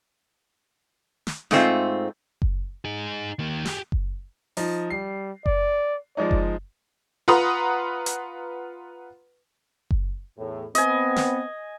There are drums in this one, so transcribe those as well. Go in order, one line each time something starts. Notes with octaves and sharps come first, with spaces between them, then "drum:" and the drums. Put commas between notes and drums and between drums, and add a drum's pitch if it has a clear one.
drum: snare
G#2 A3 C4 F4, drum: snare
drum: kick F#1
D#4 G#4
D#3 A#3
G4 G#4, drum: snare
drum: kick F#1
F3 D#4, drum: open hi-hat
G3 C7
D5, drum: kick F#1
F3 G#3 D#4 D5
drum: kick F#1
F4 B4 F#5 A#5 C6 D#6
drum: hi-hat
drum: kick F#1
E2 A2
B3 C4 D#5 G#5, drum: hi-hat
drum: snare